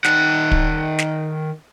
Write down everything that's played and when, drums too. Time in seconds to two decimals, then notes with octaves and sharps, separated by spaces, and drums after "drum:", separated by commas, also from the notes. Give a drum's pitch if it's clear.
0.04 D#3 F#5, drum: snare
0.51 drum: kick
0.99 drum: snare